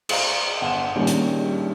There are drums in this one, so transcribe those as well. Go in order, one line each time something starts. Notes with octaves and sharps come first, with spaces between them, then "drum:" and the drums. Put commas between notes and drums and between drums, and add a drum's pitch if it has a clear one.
G#4 C5 D5 D#5 F5 A#5, drum: cymbal
G1 F#5 C6 D#7 E7
A#2 D#3 G3 C#4 D4 G#4
drum: hi-hat